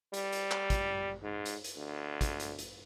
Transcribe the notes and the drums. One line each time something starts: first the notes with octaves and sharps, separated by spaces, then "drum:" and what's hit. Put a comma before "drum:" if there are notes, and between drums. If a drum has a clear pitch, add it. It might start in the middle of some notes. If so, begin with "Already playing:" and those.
G3, drum: hi-hat
drum: hi-hat
drum: clap
drum: kick, hi-hat
G#2
drum: hi-hat
drum: hi-hat
D2
drum: kick, hi-hat
drum: hi-hat
drum: hi-hat